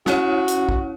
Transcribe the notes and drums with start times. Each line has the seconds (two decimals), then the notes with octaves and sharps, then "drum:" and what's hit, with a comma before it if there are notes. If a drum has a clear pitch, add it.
0.06 C#4 E4 F#4 C#5, drum: snare
0.48 drum: hi-hat
0.69 drum: kick